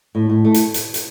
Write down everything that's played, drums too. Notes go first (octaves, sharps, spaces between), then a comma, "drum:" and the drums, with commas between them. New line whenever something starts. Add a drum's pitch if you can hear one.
A2
A2
A3
drum: hi-hat
drum: hi-hat
drum: hi-hat